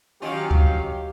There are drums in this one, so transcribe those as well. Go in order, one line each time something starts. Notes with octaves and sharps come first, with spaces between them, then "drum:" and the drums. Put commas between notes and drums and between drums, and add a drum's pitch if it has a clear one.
D#3 F#3 C#4 F4 G4 F5
drum: kick D2